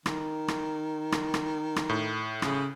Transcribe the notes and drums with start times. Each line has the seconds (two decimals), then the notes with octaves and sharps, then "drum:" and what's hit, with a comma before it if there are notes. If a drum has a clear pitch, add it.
0.06 D#3, drum: rim click
0.48 drum: rim click
1.12 drum: rim click
1.34 drum: rim click
1.76 drum: rim click
1.89 A2
2.42 C#3, drum: rim click